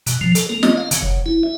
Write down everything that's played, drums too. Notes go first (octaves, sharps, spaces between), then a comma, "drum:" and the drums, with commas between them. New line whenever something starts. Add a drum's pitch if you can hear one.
B2, drum: hi-hat
F3
A4, drum: hi-hat
A#3
D#5, drum: snare
F5
C#3, drum: hi-hat
F#1
E4
E5